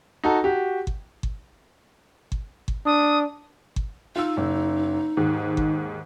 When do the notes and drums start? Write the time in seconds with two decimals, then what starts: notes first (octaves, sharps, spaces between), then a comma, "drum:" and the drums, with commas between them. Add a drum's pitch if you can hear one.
0.24 D#4 F#4 A4
0.44 F#4 G4
0.87 drum: kick G1
1.23 drum: kick G1
2.32 drum: kick G1
2.68 drum: kick G1
2.86 D4 D#6
3.76 drum: kick G1
4.16 D#4 F4 E6
4.37 F#1
5.17 D#2 G#2
5.57 drum: kick G1